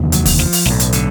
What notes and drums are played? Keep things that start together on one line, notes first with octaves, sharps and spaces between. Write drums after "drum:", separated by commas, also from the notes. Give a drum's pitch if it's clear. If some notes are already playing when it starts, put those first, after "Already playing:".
Already playing: F1 D#2 D3
F#3, drum: hi-hat
drum: kick, open hi-hat
F3, drum: snare
drum: open hi-hat
B1 A2, drum: snare
drum: hi-hat
D3, drum: hi-hat